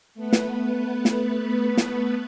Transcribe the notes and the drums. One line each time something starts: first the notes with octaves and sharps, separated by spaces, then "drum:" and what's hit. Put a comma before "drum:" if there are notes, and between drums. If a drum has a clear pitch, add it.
A3 B3 B4
drum: snare
drum: snare
drum: snare